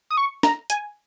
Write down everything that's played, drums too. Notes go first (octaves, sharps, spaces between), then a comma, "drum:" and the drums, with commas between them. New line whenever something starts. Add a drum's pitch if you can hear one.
D#6
C#6
A#5, drum: snare
G#5, drum: hi-hat